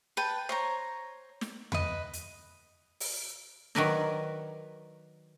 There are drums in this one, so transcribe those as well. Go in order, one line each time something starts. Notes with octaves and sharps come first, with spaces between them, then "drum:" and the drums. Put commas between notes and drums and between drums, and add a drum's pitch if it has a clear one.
B4 G5 A5
C5 C#5 A#5
drum: snare
B4 D#5, drum: tom E2
drum: hi-hat
drum: open hi-hat
D#3 F#3 A#4 B4 D5 A#5, drum: snare